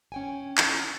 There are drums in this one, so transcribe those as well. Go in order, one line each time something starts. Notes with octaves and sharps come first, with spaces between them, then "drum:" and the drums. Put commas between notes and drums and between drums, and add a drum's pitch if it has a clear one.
C#4 G5 G#5
drum: clap